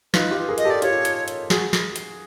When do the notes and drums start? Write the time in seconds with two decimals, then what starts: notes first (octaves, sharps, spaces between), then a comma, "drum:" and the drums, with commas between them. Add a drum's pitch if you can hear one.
0.14 D#4 F4 B4, drum: snare
0.31 F4 G4
0.49 G#4 A#4
0.58 D#5, drum: hi-hat
0.65 G4 A4
0.70 D5
0.82 F4 G4 C#5, drum: hi-hat
1.05 drum: hi-hat
1.28 drum: hi-hat
1.50 F#4 G#4, drum: snare
1.73 drum: snare
1.96 drum: hi-hat